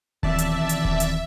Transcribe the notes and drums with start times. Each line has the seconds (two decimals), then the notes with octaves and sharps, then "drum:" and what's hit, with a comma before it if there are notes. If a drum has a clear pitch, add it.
0.23 B1 D#3 E3 C4 D5 E5 A5, drum: kick D#1
0.38 drum: hi-hat
0.69 drum: hi-hat
0.85 drum: kick D#1
1.00 drum: hi-hat